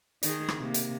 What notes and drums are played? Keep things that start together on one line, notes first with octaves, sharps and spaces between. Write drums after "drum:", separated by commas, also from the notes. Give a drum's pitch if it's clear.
D#3 D#4 G#4, drum: hi-hat
drum: rim click
C3 A#3
drum: hi-hat